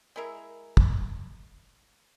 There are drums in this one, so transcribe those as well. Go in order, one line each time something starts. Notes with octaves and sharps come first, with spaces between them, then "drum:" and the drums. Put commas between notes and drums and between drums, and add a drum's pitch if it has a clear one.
G#3 E4 A#4 E5
drum: kick